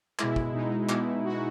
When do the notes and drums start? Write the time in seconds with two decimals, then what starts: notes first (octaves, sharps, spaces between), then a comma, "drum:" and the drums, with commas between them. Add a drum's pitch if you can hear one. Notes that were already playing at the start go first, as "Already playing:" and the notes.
0.19 B2 G#3 E4, drum: clap
0.36 drum: kick
0.53 B2 G#3 D#4
0.89 B2 G#3 E4, drum: clap
1.25 B2 G#3 F#4